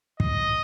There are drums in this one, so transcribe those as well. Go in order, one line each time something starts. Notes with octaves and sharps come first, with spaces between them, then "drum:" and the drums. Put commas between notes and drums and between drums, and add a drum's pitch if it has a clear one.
D#5, drum: kick